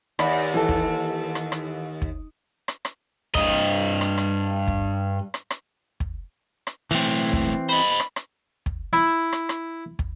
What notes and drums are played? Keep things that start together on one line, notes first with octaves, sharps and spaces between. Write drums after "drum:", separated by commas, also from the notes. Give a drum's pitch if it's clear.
D#2 D5 B5, drum: rim click
E3 A4
drum: kick
drum: rim click
drum: rim click
drum: kick
drum: rim click
drum: rim click
G2 D#5, drum: kick
drum: rim click
drum: rim click
drum: kick
drum: rim click
drum: rim click
drum: kick
drum: rim click
B1 A2 E3 C4
drum: kick
C5 D#5 B5
drum: rim click
drum: rim click
drum: kick
E4
drum: rim click
drum: rim click
drum: kick